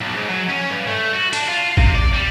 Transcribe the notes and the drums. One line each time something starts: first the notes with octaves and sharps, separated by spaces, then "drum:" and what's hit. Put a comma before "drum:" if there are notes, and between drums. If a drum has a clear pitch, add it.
B1
G#2
F#3
C#4
G2
A3
F#4
D4, drum: hi-hat
F4
C3, drum: kick
D5
G3